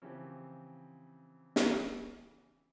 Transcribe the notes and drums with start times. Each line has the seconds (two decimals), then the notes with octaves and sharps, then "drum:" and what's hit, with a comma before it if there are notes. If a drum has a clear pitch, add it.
0.02 C#3 E3 F3 C4 G4
1.56 drum: snare